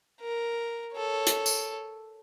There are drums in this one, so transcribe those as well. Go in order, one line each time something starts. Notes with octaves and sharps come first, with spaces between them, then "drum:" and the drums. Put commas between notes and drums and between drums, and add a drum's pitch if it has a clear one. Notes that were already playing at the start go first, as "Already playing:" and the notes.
A#4
A4 C#5
drum: hi-hat
drum: tambourine